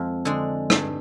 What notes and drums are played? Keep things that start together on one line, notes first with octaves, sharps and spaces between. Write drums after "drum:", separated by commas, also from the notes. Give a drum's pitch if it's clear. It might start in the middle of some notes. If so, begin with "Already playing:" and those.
Already playing: F2 G#3
D3 G#3
G2, drum: rim click